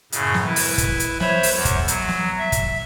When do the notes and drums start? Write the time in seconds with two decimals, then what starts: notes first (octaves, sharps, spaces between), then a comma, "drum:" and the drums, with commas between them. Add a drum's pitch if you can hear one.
0.12 F#2 A2 C#3, drum: hi-hat
0.34 drum: snare
0.45 E4 B4
0.56 drum: open hi-hat
0.78 drum: kick, hi-hat
1.00 drum: hi-hat
1.20 C5 C#5 E5 B5, drum: snare
1.43 drum: open hi-hat
1.54 E2
1.65 drum: kick, hi-hat
1.88 F#3, drum: hi-hat
2.09 drum: snare
2.38 E5
2.52 drum: kick, hi-hat